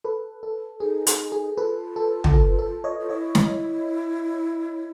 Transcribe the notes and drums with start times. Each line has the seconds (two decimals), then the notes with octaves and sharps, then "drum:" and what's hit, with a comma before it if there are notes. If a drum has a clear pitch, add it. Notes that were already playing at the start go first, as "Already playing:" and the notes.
0.04 A4 B4
0.43 A4
0.80 D#4 G#4
1.07 G#4, drum: hi-hat
1.32 G#4
1.57 F4 A4 B4
1.96 A4
2.24 drum: tom
2.34 A4
2.59 A4
2.84 C#5 D#5
2.99 F4
3.09 E4 C#5 D#5
3.35 drum: snare